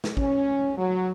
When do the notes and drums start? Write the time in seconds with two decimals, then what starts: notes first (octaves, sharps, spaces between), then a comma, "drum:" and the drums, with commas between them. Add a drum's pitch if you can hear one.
0.04 drum: snare
0.17 C#4, drum: kick
0.77 F#3